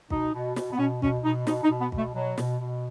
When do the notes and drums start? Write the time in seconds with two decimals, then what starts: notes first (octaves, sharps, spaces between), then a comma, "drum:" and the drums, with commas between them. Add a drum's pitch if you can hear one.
0.10 B2 D#4, drum: kick
0.33 B2
0.56 B2, drum: snare
0.73 B3
0.78 B2 C#4
1.02 B2 C#4, drum: kick
1.24 B2 D#4
1.47 B2 D#4, drum: snare
1.63 D#4
1.70 B2
1.81 B3
1.92 B2, drum: kick
1.98 A3
2.14 B2 F#3
2.38 B2, drum: snare
2.61 B2